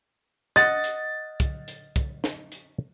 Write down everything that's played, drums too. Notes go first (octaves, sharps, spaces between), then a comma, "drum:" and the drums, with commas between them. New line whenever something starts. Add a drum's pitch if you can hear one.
D#5 F#5 A6, drum: hi-hat
drum: hi-hat
drum: kick, hi-hat
drum: hi-hat
drum: kick, hi-hat
drum: snare
drum: hi-hat